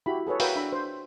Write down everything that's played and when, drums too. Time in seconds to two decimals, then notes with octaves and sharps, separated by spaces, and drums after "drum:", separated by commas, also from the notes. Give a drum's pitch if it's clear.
0.06 E4 F#4 G4 B5
0.27 G#4 A4 B4 C#5
0.40 F#4 A#4 B4 E5 F5 G5, drum: open hi-hat
0.56 D4 E5 A#5 B5
0.73 C5